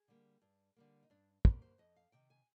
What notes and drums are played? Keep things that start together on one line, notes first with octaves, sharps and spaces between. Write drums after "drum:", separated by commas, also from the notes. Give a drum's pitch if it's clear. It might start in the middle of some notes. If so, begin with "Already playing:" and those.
Already playing: G#4
D3 G3 A#3
G2
D3 G3 A#3
D#4
G2 D4
D3 G3 A#3 G4, drum: kick
C5
F2 D#5
F5
C3 D#3 G5
G#5